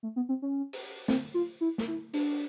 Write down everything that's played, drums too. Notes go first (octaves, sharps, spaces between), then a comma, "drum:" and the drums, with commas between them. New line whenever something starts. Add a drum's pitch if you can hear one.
A3
B3
C4
C#4
drum: open hi-hat
C4, drum: snare
F4
E4
drum: snare
E4
D4, drum: open hi-hat